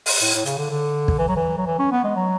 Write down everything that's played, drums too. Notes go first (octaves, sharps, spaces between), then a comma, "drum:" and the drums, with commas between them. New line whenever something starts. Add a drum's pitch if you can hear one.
drum: open hi-hat
A2
A2
C#3, drum: hi-hat
D3
D3
drum: kick
E3
F#3
E3
F#3
E3
C#4
B3
G#3
F#3